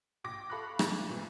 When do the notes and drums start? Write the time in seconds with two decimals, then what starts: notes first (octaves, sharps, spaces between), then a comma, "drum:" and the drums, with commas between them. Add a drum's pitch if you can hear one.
0.24 A#1 G5 D6 A#6
0.50 A4 F5 B5 C#6 D6 F#6
0.79 drum: rim click
1.08 F2 A#2 E3 F3